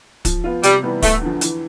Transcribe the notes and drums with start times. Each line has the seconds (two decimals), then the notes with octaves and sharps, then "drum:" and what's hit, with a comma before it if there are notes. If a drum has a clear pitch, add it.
0.25 F3, drum: kick, hi-hat
0.44 B3 F4
0.63 C3 G3, drum: hi-hat
0.83 E3 G3 B3
1.02 E2 A3, drum: kick, open hi-hat
1.21 D3 F3
1.41 E3, drum: hi-hat